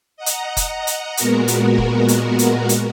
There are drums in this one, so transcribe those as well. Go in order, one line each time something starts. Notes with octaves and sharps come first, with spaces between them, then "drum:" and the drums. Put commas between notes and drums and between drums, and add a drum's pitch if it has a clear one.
D#5 F#5 A#5
drum: hi-hat
drum: kick F1, hi-hat
drum: hi-hat
A#2 G#3 B3 F#4 A#4, drum: hi-hat
drum: hi-hat
drum: kick F1
drum: hi-hat
drum: hi-hat
drum: hi-hat